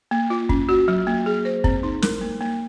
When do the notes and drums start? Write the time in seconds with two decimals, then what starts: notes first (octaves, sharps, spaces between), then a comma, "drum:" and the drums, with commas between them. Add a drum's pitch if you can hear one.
0.11 A#3
0.30 F4
0.49 C#4, drum: kick
0.69 F#4
0.88 F#3
1.07 A#3
1.26 G#4
1.45 C5
1.64 C4, drum: kick
1.83 D#4
2.02 A#4, drum: snare
2.21 A#3
2.41 A#3